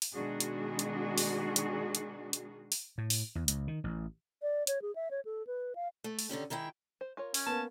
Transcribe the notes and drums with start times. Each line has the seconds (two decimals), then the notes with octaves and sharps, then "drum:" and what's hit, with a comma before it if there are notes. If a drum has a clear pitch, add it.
0.02 drum: open hi-hat
0.13 B2 D#3 G#3 D4 F#4 G#4
0.40 drum: hi-hat
0.79 drum: hi-hat
1.18 drum: open hi-hat
1.56 drum: hi-hat
1.95 drum: hi-hat
2.33 drum: hi-hat
2.72 drum: open hi-hat
2.98 A2
3.10 drum: open hi-hat
3.35 E2
3.48 C#2, drum: hi-hat
3.68 D#3
3.84 A1
4.42 D5
4.67 C#5, drum: hi-hat
4.82 G#4
4.95 E5
5.11 C#5
5.25 A4
5.47 B4
5.75 F5
6.04 A3
6.19 drum: open hi-hat
6.29 D3 D#3 C#4 G4
6.50 D#3 G#3 E4 G5
7.01 C5
7.17 F4 A#4 C#5
7.34 C#4, drum: open hi-hat
7.46 A#3 B3 A5